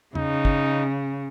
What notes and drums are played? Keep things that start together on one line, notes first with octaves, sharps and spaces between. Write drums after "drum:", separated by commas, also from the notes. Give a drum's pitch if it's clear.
C#3 D#4, drum: tom E2
drum: kick